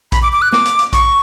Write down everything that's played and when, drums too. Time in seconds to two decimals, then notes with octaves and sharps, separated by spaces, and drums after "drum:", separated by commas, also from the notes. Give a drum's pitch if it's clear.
0.12 B5, drum: kick A#1, hi-hat
0.22 D6
0.32 D6
0.42 F#6
0.52 D6, drum: snare
0.65 drum: hi-hat
0.79 drum: hi-hat
0.93 C#6, drum: kick A#1, hi-hat